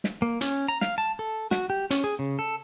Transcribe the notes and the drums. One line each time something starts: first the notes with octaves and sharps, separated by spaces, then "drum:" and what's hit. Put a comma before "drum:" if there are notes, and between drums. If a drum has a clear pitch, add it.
drum: snare
A#3
C#4, drum: hi-hat
A#5
F5, drum: snare
A5
A4
F#4, drum: snare
G4
C#4, drum: hi-hat
G#4
C#3
A4